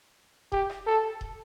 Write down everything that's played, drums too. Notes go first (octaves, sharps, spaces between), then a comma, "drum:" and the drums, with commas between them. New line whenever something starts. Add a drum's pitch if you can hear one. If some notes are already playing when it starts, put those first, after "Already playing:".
G4, drum: kick D#1
drum: rim click
A4
drum: kick D#1